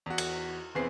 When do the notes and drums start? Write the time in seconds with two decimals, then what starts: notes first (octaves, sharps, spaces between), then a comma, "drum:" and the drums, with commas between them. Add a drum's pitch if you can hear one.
0.06 E2 F#4
0.18 drum: cymbal
0.75 F1 E3 B3 C4 G#4 C7